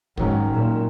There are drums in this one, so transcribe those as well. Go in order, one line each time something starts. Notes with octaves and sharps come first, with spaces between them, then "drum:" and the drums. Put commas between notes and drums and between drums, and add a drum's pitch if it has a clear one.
G#2 D#3 F#3 C#4, drum: kick
A#2